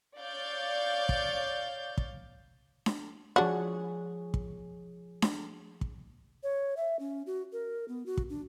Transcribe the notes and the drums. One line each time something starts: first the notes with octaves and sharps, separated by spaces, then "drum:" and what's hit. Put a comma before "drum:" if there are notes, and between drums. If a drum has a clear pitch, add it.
C#5 D5 F5 G6 A6
drum: kick
drum: kick
drum: snare D4
F3 D4 F#4 G#4 C#5
drum: kick
drum: snare D4
drum: kick
C#5
E5
C#4
F#4
A#4
B3
F#4
drum: kick
D4